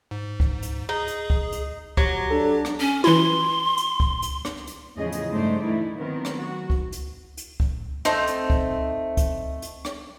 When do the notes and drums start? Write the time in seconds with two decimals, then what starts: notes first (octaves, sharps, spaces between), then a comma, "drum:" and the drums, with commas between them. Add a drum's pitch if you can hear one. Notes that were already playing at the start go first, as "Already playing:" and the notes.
0.11 G#2
0.40 drum: kick C#2
0.62 drum: hi-hat
0.89 D#4 G#4
1.07 drum: hi-hat
1.30 drum: kick C#2
1.52 drum: hi-hat
1.97 F#3 G4, drum: kick C#2
2.31 D4 A4
2.65 drum: rim click
2.80 C#4
3.04 E3 E4 C6
3.77 drum: hi-hat
4.00 drum: kick C#2
4.22 drum: hi-hat
4.45 drum: rim click
4.67 drum: hi-hat
4.97 E2 A2 C#3 F3 G#4 D#5
5.12 drum: hi-hat
5.30 G2 G#3 A3 D#4 C5 D5
5.63 D2 E3 A3 D#4 E4
5.96 D#3 F#3 B3 C4 A#4
6.25 drum: rim click
6.38 F#4
6.70 drum: kick C#2
6.92 drum: hi-hat
7.37 drum: hi-hat
7.60 drum: kick C#2
8.05 A3 C4 D#4, drum: rim click
8.27 drum: hi-hat
8.50 drum: kick C#2
9.17 drum: kick C#2, hi-hat
9.62 drum: hi-hat
9.85 drum: rim click